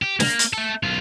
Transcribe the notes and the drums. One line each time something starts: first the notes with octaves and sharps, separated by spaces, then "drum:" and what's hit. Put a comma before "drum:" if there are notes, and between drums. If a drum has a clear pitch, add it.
G4
A#3, drum: snare
drum: hi-hat
A3 A4
B1 F4